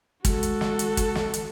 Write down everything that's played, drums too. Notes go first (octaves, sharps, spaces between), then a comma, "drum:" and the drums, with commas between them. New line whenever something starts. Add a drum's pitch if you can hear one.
G#3 F#4 A4, drum: kick G#1, hi-hat
drum: hi-hat
drum: snare
drum: hi-hat
drum: kick G#1, hi-hat
drum: snare
drum: hi-hat